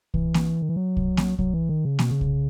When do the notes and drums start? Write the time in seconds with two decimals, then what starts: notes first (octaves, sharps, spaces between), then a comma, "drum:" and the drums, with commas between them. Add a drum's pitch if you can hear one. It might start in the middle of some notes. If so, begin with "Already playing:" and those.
0.14 E3, drum: kick
0.34 drum: snare A#3
0.62 D#3
0.69 E3
0.76 F#3
0.97 drum: kick
1.17 drum: snare A#3
1.39 F#3, drum: kick
1.54 E3
1.69 D#3
1.85 C#3
1.99 B2, drum: snare A#3
2.11 C#3
2.21 drum: kick